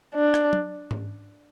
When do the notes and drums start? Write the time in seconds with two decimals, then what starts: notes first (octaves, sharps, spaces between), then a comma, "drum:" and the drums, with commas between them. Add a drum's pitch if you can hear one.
0.15 D4
0.34 drum: rim click
0.53 drum: tom
0.91 drum: tom G#2